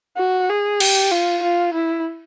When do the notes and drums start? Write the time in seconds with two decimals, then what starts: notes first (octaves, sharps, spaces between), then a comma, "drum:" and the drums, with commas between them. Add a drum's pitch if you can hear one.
0.17 F#4
0.50 G#4
0.80 G4, drum: cymbal
1.11 F4
1.43 F4
1.73 E4